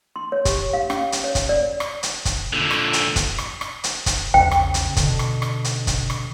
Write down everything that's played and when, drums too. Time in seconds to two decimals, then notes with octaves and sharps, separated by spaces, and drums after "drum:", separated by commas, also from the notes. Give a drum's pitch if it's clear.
0.16 C6
0.32 C#5
0.45 G4, drum: kick, hi-hat
0.73 F5
0.90 C#4, drum: rim click
1.12 drum: hi-hat
1.24 C#5
1.35 drum: kick, hi-hat
1.49 D5
1.80 drum: rim click
2.03 drum: hi-hat
2.25 drum: kick, hi-hat
2.53 A#2 D3
2.71 drum: rim click
2.93 drum: hi-hat
3.16 drum: kick, hi-hat
3.38 drum: rim click
3.61 drum: rim click
3.84 drum: hi-hat
4.06 drum: kick, hi-hat
4.34 A#1 E2 C#3 G5
4.51 drum: rim click
4.74 drum: hi-hat
4.96 B2 D3, drum: kick, hi-hat
5.19 drum: rim click
5.42 drum: rim click
5.64 drum: hi-hat
5.87 drum: kick, hi-hat
6.10 drum: rim click